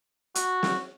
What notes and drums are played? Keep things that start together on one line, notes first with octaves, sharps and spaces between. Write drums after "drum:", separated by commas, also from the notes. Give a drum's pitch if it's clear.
F#4, drum: hi-hat
drum: snare